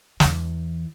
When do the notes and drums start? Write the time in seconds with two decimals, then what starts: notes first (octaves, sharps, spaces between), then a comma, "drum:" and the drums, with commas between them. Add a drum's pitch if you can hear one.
0.20 E2 E3, drum: snare